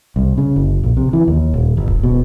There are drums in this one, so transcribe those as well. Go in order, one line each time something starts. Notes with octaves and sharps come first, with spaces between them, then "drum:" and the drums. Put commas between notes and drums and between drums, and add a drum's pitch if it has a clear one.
C2
C#3
F#1
A#1
C3
E3
D#2
D#1
G1
drum: kick D1
B2